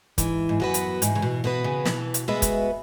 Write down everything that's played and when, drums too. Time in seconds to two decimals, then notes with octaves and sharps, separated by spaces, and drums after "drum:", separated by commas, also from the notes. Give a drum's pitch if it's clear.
0.18 G#2 E3, drum: kick, hi-hat
0.49 G#2
0.60 F#2 B3 F#4 B4
0.74 drum: hi-hat
1.02 G#2 E3, drum: hi-hat
1.15 C#3
1.22 B2
1.44 B2 B3 F#4 B4
1.64 C#3
1.85 B2 E3, drum: snare
2.14 drum: hi-hat
2.28 G#3 B3 F#4 B4 E5
2.42 drum: kick, hi-hat